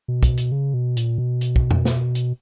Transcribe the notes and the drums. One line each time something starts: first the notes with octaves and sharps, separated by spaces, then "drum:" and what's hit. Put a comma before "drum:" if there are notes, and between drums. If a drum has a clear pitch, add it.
B2
drum: kick, hi-hat
drum: hi-hat
C#3
B2
A#2, drum: hi-hat
B2
drum: hi-hat
drum: kick
drum: tom F2
drum: snare
drum: hi-hat